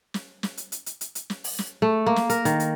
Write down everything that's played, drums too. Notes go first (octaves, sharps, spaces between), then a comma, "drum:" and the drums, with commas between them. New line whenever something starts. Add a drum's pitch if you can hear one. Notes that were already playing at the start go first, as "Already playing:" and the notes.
drum: snare
drum: snare
drum: hi-hat
drum: hi-hat
drum: hi-hat
drum: hi-hat
drum: hi-hat
drum: snare
drum: open hi-hat
drum: snare
A3
A#3
drum: snare
A#4, drum: hi-hat
D#3, drum: hi-hat
drum: hi-hat